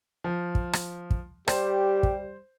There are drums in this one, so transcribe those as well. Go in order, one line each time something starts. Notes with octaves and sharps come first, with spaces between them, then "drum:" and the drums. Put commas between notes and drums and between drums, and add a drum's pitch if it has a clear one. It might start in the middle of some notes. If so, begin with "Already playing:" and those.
F3
drum: kick
drum: rim click
drum: kick
G3 G4 C5, drum: rim click
drum: kick